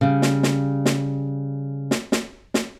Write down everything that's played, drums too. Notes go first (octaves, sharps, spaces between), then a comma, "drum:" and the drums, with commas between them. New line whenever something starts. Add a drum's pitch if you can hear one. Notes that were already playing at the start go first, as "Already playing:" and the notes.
C#3 G3
drum: snare
drum: snare
drum: snare
drum: snare
drum: snare
drum: snare